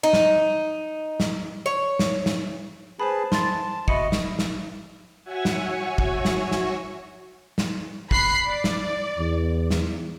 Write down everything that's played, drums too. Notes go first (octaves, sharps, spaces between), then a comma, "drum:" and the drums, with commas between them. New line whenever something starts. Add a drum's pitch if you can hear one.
D#4
drum: snare
drum: snare
C#5
drum: snare
drum: snare
G#4 B4 C5 A5 B5
A5 C6 A6, drum: snare
F#4 D#5 E5 B5 C#7, drum: kick
drum: snare
drum: snare
F#4 C#5 E5 F#5 G#5 C#6
drum: snare
drum: kick
drum: snare
drum: snare
drum: snare
B5 F#6 C7, drum: kick
D5
drum: snare
E2
drum: snare